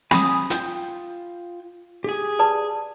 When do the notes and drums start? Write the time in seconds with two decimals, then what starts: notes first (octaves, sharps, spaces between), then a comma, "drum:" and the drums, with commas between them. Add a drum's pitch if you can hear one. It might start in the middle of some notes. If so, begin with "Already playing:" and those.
0.11 G#5 B5 D#6, drum: snare
0.50 F4 G5 G6, drum: hi-hat
2.04 G4 G#4
2.39 B4 D5 A5